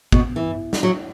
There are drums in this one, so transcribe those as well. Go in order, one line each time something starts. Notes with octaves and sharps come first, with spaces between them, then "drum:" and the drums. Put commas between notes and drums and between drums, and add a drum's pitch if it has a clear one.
B2, drum: kick
E3
drum: snare
F#3